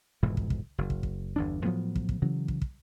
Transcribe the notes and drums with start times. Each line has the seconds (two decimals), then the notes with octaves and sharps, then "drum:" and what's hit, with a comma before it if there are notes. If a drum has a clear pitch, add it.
0.23 F1 G#2 B2 E3
0.37 drum: kick
0.50 drum: kick
0.78 F#1
0.90 drum: kick
1.03 drum: kick
1.36 G1 E2 D4
1.65 A2 F3 F#3 B3
1.96 drum: kick
2.09 drum: kick
2.22 C#3 E3 F#3
2.48 drum: kick
2.62 drum: kick